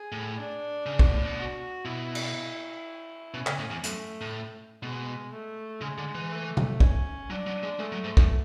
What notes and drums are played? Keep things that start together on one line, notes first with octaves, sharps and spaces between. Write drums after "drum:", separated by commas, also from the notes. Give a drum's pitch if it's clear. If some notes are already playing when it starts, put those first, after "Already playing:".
Already playing: G#4
A2
D4
C#3
B2, drum: kick
A2
B2
F#4
B2 E4
drum: cymbal
B2 C#4
C#3, drum: clap
A2
E2
F#2 A3, drum: hi-hat
A2
B2 G#3
A3
C#3 G#3
D3
E3
A3
drum: tom
C#4, drum: kick
F#3 D4
F#3
G#3
G#3 A3
F#3
G#2
F#2, drum: kick